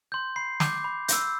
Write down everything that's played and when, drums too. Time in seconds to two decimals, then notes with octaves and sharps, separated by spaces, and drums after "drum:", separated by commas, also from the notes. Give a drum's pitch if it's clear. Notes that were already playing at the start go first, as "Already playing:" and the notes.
0.12 C6 G6
0.36 B5 C7
0.60 D6 G6, drum: snare
0.84 B5
1.08 E6 G6, drum: hi-hat